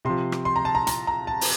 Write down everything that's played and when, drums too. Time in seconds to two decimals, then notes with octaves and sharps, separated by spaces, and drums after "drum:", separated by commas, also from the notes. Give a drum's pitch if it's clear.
0.05 C3 F3 C6
0.32 drum: rim click
0.45 C6
0.56 A#5
0.65 A5
0.75 A#5
0.87 A#5, drum: hi-hat
1.07 A#5
1.27 A5
1.41 drum: open hi-hat